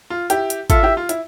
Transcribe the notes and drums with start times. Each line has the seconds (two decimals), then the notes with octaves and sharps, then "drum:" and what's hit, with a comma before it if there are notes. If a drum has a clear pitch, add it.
0.10 F4
0.30 E4 G4, drum: hi-hat
0.50 drum: hi-hat
0.70 F4 A4 E5, drum: kick G#1, hi-hat
0.83 E4 G4
0.97 F4
1.09 E4, drum: hi-hat